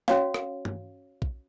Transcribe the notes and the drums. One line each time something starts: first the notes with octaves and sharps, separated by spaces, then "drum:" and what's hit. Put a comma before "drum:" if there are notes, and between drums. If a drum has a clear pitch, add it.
C#4 F#4 C#5 F5, drum: snare
drum: rim click
drum: tom G2
drum: kick